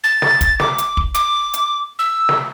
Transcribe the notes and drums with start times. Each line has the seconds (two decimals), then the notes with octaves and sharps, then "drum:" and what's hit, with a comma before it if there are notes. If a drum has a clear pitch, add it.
0.04 A6
0.22 drum: snare
0.41 drum: kick, hi-hat
0.60 D6, drum: snare
0.78 drum: hi-hat
0.97 drum: kick
1.15 D6, drum: hi-hat
1.54 drum: hi-hat
1.99 E6
2.29 drum: snare